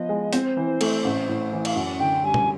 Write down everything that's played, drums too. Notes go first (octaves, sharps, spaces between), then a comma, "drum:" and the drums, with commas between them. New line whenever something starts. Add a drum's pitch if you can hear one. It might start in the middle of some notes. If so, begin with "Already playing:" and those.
Already playing: F3 B3 D#5
G#3
C4 C5, drum: hi-hat
E3
A3, drum: cymbal
A1
A2
E3
F5, drum: cymbal
F#2 F#5
D3 G5
G3 G#5
drum: tom